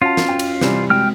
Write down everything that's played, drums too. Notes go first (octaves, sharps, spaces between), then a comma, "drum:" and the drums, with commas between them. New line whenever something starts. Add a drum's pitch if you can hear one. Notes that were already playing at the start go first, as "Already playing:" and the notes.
C#4 F4 F#4 C#5 F#5 A5
drum: snare
G5
drum: cymbal
C3 E3 G3, drum: snare
G#3 C4 F#4 G5 F6